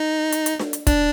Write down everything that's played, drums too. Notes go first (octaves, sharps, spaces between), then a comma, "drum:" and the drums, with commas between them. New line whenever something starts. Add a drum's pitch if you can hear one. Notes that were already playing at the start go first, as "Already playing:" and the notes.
Already playing: D#4
drum: hi-hat
drum: hi-hat
drum: snare D4
drum: hi-hat
D4, drum: kick, hi-hat